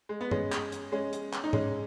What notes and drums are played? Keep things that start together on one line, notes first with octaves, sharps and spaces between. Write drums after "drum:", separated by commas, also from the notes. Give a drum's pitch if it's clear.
G#3
B3
G#3 C#4, drum: tom G2
drum: clap
drum: hi-hat
G#3 C#4
drum: hi-hat
drum: clap
D#4
G#3 C#4, drum: tom G#2